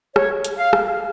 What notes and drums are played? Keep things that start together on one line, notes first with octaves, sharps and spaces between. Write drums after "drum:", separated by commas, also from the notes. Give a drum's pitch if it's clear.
C#5, drum: rim click
drum: hi-hat
F5
drum: rim click